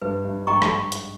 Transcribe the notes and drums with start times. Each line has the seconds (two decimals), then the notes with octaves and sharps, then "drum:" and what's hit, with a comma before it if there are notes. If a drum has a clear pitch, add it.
0.02 G2 B4
0.25 G2
0.41 G#2
0.47 G2 D#5 G5 A#5 C#6
0.62 drum: rim click
0.92 drum: hi-hat